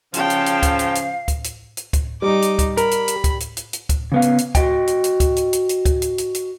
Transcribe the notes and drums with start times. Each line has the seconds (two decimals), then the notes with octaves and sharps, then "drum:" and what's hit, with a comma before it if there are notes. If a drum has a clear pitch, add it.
0.14 C#3 F3 F5 G5 A5, drum: hi-hat
0.30 drum: hi-hat
0.46 drum: hi-hat
0.63 drum: kick, hi-hat
0.79 drum: hi-hat
0.95 drum: hi-hat
1.28 drum: kick, hi-hat
1.44 drum: hi-hat
1.77 drum: hi-hat
1.93 drum: kick, hi-hat
2.22 G3 D#4 D6
2.42 drum: hi-hat
2.59 drum: kick, hi-hat
2.77 A#4 B5, drum: hi-hat
2.91 drum: hi-hat
3.08 drum: hi-hat
3.24 drum: kick, hi-hat
3.40 drum: hi-hat
3.57 drum: hi-hat
3.73 drum: hi-hat
3.89 drum: kick, hi-hat
4.12 C#3 B3 F5
4.22 drum: hi-hat
4.38 drum: hi-hat
4.55 F#4 D#5 G5, drum: kick, hi-hat
4.87 drum: hi-hat
5.04 drum: hi-hat
5.20 drum: kick, hi-hat
5.36 drum: hi-hat
5.53 drum: hi-hat
5.69 drum: hi-hat
5.85 drum: kick, hi-hat
6.02 drum: hi-hat
6.18 drum: hi-hat
6.34 drum: hi-hat